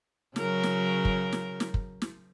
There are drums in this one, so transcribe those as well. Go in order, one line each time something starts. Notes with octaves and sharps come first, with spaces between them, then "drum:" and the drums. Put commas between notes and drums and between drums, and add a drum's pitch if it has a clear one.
C#3 F#3 A#4, drum: snare
drum: snare
drum: kick
drum: snare
drum: snare
drum: kick
drum: snare